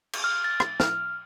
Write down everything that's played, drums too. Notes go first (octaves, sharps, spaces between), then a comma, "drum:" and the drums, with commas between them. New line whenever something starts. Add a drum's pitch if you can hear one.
drum: cymbal
F6
A6
drum: rim click
F6, drum: snare